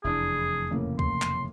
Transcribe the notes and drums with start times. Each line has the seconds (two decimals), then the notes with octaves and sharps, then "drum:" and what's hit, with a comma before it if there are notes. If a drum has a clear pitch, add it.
0.04 F1 E2 D4 E4 G#4
0.70 A2 C#3 A#3
0.99 C6, drum: kick C#2
1.22 drum: clap